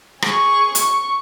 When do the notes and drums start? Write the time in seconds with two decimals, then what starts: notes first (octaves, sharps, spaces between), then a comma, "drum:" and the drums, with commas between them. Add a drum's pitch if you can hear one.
0.22 G#4 C#6, drum: rim click
0.75 C#6, drum: hi-hat